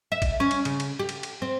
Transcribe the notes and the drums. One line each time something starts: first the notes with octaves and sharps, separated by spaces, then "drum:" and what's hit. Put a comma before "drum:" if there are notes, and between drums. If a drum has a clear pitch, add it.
E5
drum: kick A1, cymbal
C#4
drum: cymbal
C#3, drum: cymbal
drum: cymbal
G4
drum: cymbal
drum: cymbal
C4